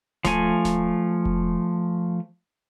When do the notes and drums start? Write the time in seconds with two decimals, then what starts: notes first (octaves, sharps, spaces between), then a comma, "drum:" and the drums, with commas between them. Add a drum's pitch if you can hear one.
0.25 F3 A3 G#5, drum: snare D1
0.65 drum: snare D1
1.25 drum: kick F1